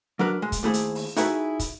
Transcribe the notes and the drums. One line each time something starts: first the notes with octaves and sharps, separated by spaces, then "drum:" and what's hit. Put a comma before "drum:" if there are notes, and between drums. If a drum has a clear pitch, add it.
F#3 D4 A#4 B4
G#3
drum: kick, hi-hat
D#2 A3 E4 G#4 C5
drum: hi-hat
drum: open hi-hat
D#4 E4 F#4 G#4 A4 B4, drum: hi-hat
drum: kick, hi-hat